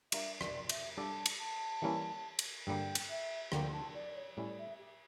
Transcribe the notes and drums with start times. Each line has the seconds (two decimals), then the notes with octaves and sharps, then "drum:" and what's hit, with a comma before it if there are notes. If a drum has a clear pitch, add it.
0.12 G3 D4 F4 A#4 E5, drum: cymbal
0.41 D5, drum: rim click
0.69 E5, drum: cymbal
0.97 G3 D4 A4 D5 F5 A5
1.26 drum: cymbal
1.39 A5
1.82 E3 G3 A#3 C#4 E4
2.39 drum: cymbal
2.67 G2 D3 G3 A#3 G5
2.95 drum: cymbal
3.09 E5
3.52 D2 D3 F3 A#3 G5, drum: rim click
3.72 A5
3.94 D5
4.16 C#5
4.37 A2 G3 C#4 E4 D5
4.58 E5
4.79 G4